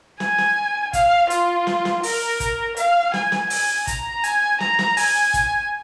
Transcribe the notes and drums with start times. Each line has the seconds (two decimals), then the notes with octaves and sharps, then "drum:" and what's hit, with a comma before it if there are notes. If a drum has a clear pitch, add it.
0.20 G#5, drum: snare
0.38 drum: snare
0.93 F5, drum: kick, hi-hat
1.30 F4, drum: hi-hat
1.67 drum: snare
1.85 drum: snare
2.03 A#4, drum: open hi-hat
2.40 drum: kick, hi-hat
2.77 F5, drum: hi-hat
3.14 G#5, drum: snare
3.32 drum: snare
3.50 G#5, drum: open hi-hat
3.87 A#5, drum: kick, hi-hat
4.24 G#5, drum: hi-hat
4.60 A#5, drum: snare
4.79 drum: snare
4.97 G#5, drum: open hi-hat
5.34 drum: kick, hi-hat